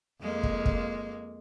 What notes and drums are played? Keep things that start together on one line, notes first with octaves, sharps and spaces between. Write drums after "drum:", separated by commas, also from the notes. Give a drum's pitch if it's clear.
F2 G#3 A#3
drum: kick
drum: kick